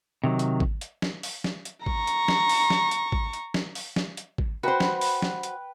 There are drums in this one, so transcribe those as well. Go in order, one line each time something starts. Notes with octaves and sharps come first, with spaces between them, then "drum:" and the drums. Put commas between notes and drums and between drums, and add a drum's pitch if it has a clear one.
C3 D#3 F#3
drum: hi-hat
drum: kick G#1
drum: hi-hat
drum: snare
drum: open hi-hat
drum: snare
drum: hi-hat
A#5 C#6, drum: kick G#1
drum: hi-hat
drum: snare
drum: open hi-hat
drum: snare
drum: hi-hat
drum: kick G#1
drum: hi-hat
drum: snare
drum: open hi-hat
drum: snare
drum: hi-hat
drum: kick G#1
F#4 B4 C5 G5 B5
drum: snare
drum: open hi-hat
drum: snare
drum: hi-hat